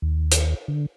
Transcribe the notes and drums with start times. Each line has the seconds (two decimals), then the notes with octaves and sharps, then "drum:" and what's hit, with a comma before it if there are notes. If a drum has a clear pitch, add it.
0.02 D#2
0.31 drum: hi-hat
0.68 D3